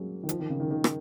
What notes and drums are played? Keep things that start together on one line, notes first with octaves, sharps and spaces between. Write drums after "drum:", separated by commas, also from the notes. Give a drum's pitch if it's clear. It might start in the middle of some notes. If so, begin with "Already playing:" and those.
Already playing: F#3 G#3 A#3 C#4
D#3
F3, drum: hi-hat
D#3
C#3
D#3
D#3
drum: rim click